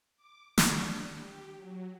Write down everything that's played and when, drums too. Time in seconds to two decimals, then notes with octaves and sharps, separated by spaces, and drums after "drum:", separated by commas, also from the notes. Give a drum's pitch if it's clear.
0.17 D6
0.58 D4, drum: snare
1.18 G4
1.56 F#3